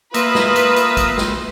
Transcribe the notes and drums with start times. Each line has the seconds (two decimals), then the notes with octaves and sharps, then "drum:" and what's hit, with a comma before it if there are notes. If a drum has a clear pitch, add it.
0.14 A#3 F4 B4 E5 D#6, drum: hi-hat
0.35 drum: snare
0.56 drum: hi-hat
0.76 drum: hi-hat
0.97 drum: kick, hi-hat
1.18 drum: snare